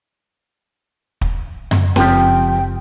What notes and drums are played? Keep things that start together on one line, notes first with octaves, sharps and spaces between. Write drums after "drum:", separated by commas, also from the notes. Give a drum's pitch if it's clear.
drum: kick
drum: tom F#2
F#1 F3 C4 G4 G5, drum: snare C#4